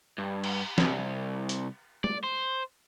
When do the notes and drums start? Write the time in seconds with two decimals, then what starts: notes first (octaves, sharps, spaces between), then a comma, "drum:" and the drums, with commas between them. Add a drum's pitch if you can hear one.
0.18 G2
0.44 drum: cymbal
0.78 C2, drum: snare
1.49 drum: hi-hat
2.04 D5, drum: tom
2.24 C5